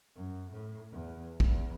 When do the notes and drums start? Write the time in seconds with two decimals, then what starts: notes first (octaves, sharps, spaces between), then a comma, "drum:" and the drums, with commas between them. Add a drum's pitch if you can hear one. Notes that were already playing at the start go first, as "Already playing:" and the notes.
0.15 F#2
0.51 A2
0.92 E2
1.40 E2, drum: kick